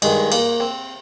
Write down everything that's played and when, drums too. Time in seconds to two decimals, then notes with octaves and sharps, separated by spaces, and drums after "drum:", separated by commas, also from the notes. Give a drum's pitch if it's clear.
0.02 G2 D#3 G#3, drum: cymbal
0.32 A#3, drum: cymbal
0.60 C4